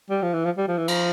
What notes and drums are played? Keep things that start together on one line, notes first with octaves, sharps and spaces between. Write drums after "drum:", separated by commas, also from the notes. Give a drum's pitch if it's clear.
G3
F3
E3
F3
G3
F3
E3
F3, drum: cymbal